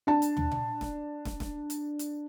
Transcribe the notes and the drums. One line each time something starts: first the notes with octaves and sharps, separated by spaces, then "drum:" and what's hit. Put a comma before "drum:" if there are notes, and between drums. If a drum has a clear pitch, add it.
D4 A5
drum: hi-hat
drum: tom
drum: tom A#2
drum: snare
drum: snare
drum: snare
drum: hi-hat
drum: hi-hat